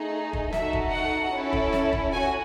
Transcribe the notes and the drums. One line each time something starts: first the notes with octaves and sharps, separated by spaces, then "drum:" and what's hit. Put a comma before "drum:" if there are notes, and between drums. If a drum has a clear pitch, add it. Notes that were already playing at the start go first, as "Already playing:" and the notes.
Already playing: A3 D#4 G#4
drum: kick
D#4 F#4 A4 E5, drum: snare
drum: kick
F#5
C#4 E4 A4
drum: kick
drum: snare
drum: kick
C#4 F#4 G#5